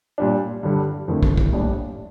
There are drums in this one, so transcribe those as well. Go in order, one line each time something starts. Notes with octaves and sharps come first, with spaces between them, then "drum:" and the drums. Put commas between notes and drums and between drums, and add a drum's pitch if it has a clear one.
A#2 G3 D4
G2 D3 G3
F2 D3 A3 E4 A#4
drum: kick
drum: kick
A#1 A2 G3 D4